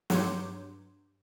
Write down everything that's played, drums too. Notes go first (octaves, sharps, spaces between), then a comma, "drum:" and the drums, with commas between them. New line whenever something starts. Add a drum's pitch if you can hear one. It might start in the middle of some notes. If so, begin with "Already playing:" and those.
G2 F#3 C#5 C6 D6 G6, drum: snare